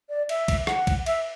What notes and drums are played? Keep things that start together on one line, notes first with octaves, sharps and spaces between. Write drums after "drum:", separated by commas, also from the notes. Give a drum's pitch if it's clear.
D5
E5, drum: cymbal
drum: kick, cymbal
F#5, drum: rim click
drum: kick, cymbal
E5, drum: cymbal